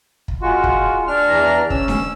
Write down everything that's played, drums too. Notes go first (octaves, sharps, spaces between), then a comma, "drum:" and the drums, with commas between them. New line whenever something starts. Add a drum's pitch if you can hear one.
drum: kick
G#3 F4 F#4
drum: kick
D4 F6
E2 E3 A#5
C#4 E6, drum: kick
drum: snare D4